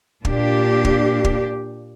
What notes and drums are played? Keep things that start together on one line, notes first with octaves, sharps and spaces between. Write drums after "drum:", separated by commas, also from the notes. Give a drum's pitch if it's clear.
A#2 D4 G4, drum: kick
drum: kick
drum: kick